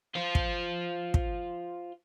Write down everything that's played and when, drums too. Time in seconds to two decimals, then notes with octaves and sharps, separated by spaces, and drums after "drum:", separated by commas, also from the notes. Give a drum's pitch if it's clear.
0.15 F4 C5
0.35 drum: kick
1.14 drum: kick